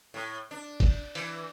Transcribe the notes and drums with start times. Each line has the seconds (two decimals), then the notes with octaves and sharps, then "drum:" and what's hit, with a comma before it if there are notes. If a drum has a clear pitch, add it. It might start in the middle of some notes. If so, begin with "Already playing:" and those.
0.14 A2
0.51 D4
0.80 drum: kick, cymbal
1.15 E3, drum: cymbal